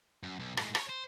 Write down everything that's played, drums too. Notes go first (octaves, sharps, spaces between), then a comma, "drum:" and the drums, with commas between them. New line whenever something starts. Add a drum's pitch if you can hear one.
F#2
B1
A2 G#3, drum: rim click
E4 C#5, drum: rim click
C5